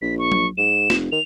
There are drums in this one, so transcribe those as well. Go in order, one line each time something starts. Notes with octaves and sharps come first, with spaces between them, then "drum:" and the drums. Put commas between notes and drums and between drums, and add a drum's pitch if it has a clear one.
A#1 B6
C#6
drum: tom F#3
G#2 E7
F1, drum: snare
D#3 F7